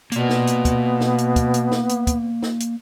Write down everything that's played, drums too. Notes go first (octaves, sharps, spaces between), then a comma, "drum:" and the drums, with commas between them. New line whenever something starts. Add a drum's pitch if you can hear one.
B2 A#3 B3 D5, drum: hi-hat
drum: snare
drum: hi-hat
drum: kick, hi-hat
drum: snare
drum: hi-hat
drum: kick, hi-hat
drum: hi-hat
drum: snare
drum: hi-hat
drum: kick, hi-hat
drum: snare
drum: hi-hat